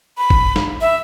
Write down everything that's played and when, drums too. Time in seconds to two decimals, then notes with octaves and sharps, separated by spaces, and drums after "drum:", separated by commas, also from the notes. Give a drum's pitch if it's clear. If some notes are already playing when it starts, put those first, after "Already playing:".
0.18 B5
0.30 drum: kick F#1
0.56 drum: snare
0.81 E5